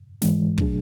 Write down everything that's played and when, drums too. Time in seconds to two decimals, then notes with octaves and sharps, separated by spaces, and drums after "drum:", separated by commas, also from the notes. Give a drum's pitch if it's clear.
0.22 G#2 E3 G#3, drum: snare
0.58 B2 F#3 A3 D4 G#4, drum: kick